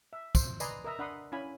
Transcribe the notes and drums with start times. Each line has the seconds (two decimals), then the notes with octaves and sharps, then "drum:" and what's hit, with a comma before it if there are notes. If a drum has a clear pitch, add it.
0.13 E5
0.35 C5, drum: kick, tambourine
0.60 B4 D5 D#5 G#5 A#5 C6, drum: tambourine
0.84 A#4 D#5 E5 A#5
0.99 D4 F#5 B5 C6 D#6
1.32 C#4 E4 F5 G#5 B5